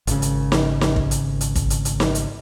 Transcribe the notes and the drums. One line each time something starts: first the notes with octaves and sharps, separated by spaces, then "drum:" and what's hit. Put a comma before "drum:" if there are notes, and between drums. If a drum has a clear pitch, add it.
G#1 C#3, drum: hi-hat
drum: hi-hat
drum: snare
drum: snare
drum: kick
drum: hi-hat
drum: hi-hat
drum: kick, hi-hat
drum: hi-hat
drum: hi-hat
drum: snare
drum: hi-hat